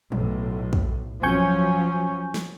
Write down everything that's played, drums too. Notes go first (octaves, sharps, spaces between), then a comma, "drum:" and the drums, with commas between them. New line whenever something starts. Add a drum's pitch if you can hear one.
B1 A2, drum: tom
drum: kick
F3 F#3 C#4 G#5 C#6 G6
drum: snare